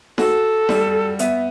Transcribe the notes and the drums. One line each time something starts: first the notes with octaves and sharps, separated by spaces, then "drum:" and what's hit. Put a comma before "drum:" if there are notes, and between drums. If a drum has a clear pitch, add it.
F#4 A4, drum: snare D#4
G3, drum: snare D#4
B3 E5, drum: hi-hat